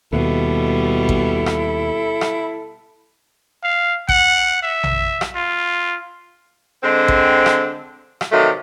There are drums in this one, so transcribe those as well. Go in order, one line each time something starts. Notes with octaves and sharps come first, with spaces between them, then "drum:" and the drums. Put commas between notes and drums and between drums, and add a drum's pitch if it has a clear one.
D#2 B2 G3 E4 A4
drum: kick A1
drum: rim click
drum: rim click
F5
F#5, drum: kick A1
E5
drum: tom A#1
drum: rim click
F4
D3 G#3 C4
drum: kick A1
drum: rim click
drum: rim click
C3 D#3 F3 F#3 A3